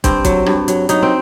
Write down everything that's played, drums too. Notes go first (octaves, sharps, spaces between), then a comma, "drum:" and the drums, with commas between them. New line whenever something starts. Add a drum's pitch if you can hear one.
G2 C4, drum: kick, hi-hat
F#3, drum: kick, hi-hat
G2, drum: rim click
F#3, drum: hi-hat
F#3 D#4, drum: hi-hat
C4